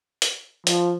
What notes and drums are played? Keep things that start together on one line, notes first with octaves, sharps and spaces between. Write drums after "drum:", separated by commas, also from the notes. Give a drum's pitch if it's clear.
drum: hi-hat
F3, drum: hi-hat